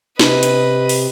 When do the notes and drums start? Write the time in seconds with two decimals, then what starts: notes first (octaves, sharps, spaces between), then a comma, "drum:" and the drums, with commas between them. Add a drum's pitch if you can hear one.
0.19 C3 B4 D#5, drum: snare
0.43 drum: hi-hat
0.89 drum: open hi-hat